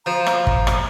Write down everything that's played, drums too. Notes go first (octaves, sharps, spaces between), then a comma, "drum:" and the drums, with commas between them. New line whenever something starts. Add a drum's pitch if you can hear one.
F3 A#5
drum: rim click
drum: kick
drum: rim click